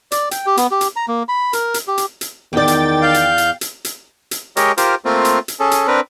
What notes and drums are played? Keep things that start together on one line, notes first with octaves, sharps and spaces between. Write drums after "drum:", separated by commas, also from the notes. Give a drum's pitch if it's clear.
D5, drum: hi-hat
G5, drum: hi-hat
G4
B3, drum: hi-hat
G4
drum: hi-hat
A#5
A#3
B5
A#4, drum: hi-hat
drum: hi-hat
G4
drum: hi-hat
drum: hi-hat
E2 D#3 D5 G5 A6
drum: hi-hat
F5 G6
drum: hi-hat
drum: hi-hat
drum: hi-hat
drum: hi-hat
drum: hi-hat
G#3 G4 A#4 C#5 D#5, drum: hi-hat
F4 G4 A#4 C5, drum: hi-hat
A3 A#3 C4 F4
drum: hi-hat
drum: hi-hat
C#4 G#4 A4
drum: hi-hat
C4 D4 A#4 B4